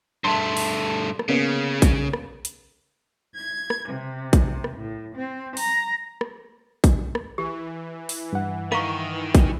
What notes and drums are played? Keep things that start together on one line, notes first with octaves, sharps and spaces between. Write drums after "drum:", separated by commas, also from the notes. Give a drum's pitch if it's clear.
G2 A3 A5 C6 G7
drum: open hi-hat
drum: rim click
C#3 A#3 B3 C#4
drum: kick, hi-hat
drum: rim click
drum: hi-hat
G#6
drum: rim click
C3
drum: kick, hi-hat
drum: rim click
A2
C4
A#5, drum: open hi-hat
drum: rim click
drum: kick, hi-hat
drum: rim click
E3 G4
drum: open hi-hat
G2 F#5
D#3 F5 A#5 C#6, drum: rim click
drum: kick, hi-hat